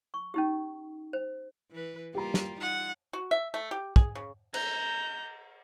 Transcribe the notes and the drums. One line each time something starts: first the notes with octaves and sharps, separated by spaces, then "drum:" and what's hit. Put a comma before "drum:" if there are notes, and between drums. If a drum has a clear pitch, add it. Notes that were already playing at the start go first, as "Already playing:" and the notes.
C#6
C#4 D#4 G4
C5
E3 B4
G3 A#3 F4 G4 A#5
drum: snare
D#4 F4 F#5
F#4
E5
A3
G4
G#4, drum: kick
C#3
A#5 G6, drum: cymbal